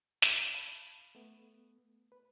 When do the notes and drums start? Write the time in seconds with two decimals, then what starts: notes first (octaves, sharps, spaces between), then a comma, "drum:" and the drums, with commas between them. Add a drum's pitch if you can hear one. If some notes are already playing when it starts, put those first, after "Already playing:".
0.22 D5, drum: snare
0.54 F5 A5 B5
1.15 A3 B3
2.12 B4